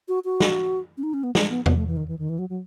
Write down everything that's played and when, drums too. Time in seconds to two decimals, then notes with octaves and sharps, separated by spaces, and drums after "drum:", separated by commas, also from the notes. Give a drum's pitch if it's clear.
0.08 F#4
0.25 F#4
0.40 drum: snare
0.97 C#4
1.03 D#4
1.14 C#4
1.24 B3
1.35 G#3, drum: snare
1.50 B3
1.66 B3, drum: tom E2
1.77 A3
1.87 E3
1.97 D#3
2.08 E3
2.19 D#3
2.29 E3
2.39 F#3
2.50 F#3